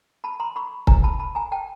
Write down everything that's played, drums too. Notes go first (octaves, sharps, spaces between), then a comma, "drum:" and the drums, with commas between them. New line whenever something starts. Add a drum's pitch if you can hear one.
A5 B5
A#5 C6
B5 C#6
G#5 A#5, drum: kick C#1
A5 B5
A5 B5
G#5 A#5
G5 A5